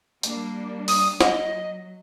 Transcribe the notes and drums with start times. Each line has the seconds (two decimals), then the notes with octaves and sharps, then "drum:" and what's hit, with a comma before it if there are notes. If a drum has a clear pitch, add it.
0.23 G3 A#3 D4, drum: hi-hat
0.88 D#6, drum: open hi-hat
1.21 F#3 D#5, drum: snare